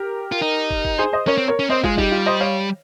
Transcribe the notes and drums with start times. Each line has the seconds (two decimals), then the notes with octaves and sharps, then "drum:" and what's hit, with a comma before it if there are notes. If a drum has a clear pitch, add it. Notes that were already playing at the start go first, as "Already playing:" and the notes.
Already playing: G4 A#4
0.32 F4
0.42 D#4
0.70 drum: kick
0.85 drum: kick
0.98 G#4 C5
1.13 C5 D#5
1.27 C#4 A#4 C#5
1.38 C4
1.48 A#4 C#5
1.59 C#4
1.70 C4 C5 D#5
1.84 G#3 F4 G#4, drum: kick
1.98 G3 D#4 G4, drum: kick
2.12 F4
2.26 C5 D#5
2.40 C#5 F5